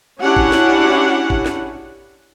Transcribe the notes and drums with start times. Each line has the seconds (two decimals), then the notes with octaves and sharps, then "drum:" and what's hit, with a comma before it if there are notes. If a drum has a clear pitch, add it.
0.21 C#4 D4 E4 F#4 G4 F#5
0.37 drum: kick
0.52 drum: snare
1.30 drum: kick
1.46 drum: snare